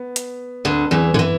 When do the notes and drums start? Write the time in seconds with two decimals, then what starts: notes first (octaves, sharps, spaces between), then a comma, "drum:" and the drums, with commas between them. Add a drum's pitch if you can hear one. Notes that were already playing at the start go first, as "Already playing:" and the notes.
Already playing: B3
0.16 drum: hi-hat
0.65 D2 D3
0.91 E2 E3
1.14 D3, drum: tom F#2
1.19 E3